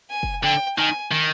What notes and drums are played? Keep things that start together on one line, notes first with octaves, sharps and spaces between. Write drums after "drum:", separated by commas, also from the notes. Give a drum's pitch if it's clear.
G#5
drum: kick
D3 G5
D#3 G#5
D#3